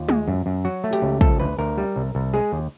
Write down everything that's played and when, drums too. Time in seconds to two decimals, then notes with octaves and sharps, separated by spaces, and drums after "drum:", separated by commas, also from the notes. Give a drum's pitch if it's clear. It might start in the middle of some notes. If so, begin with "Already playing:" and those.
Already playing: D#2 F4
0.09 G#3, drum: tom
0.28 F#2
0.46 F#2
0.65 F#3 F#4
0.84 A3
0.93 G4, drum: hi-hat
1.02 C#2
1.21 F3 A4, drum: kick
1.40 D2 B4
1.58 D2 A#4
1.78 G3
1.96 C2
2.15 C2
2.34 G#3 G#4
2.52 D#2